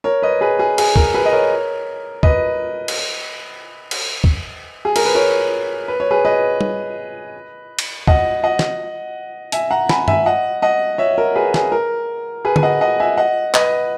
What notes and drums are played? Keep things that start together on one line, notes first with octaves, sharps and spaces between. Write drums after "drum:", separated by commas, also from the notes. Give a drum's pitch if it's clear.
A#4 C#5
B4 D#5
G#4 B4
G#4
G#4, drum: cymbal
A#4, drum: kick
G#4 B4
D#5
A#4 C#5
B4 D#5, drum: kick
drum: cymbal
drum: cymbal
drum: kick
G#4
A#4, drum: cymbal
B4
A#4 C#5
B4
C#5
G#4 B4
B4 D#5
drum: tom
drum: cymbal
D#5 F#5, drum: kick
D#5 F#5
drum: snare
E5 G#5, drum: hi-hat
F#5 A#5
G#5 B5, drum: snare
E5 G#5, drum: tom G2
D#5 F#5
D#5 F#5
C#5 E5
A#4
G#4 B4
G#4, drum: snare
A#4
G#4 B4
G#5, drum: tom
D#5 F#5
D#5 F#5
E5 G#5
D#5 F#5
B4 D#5, drum: clap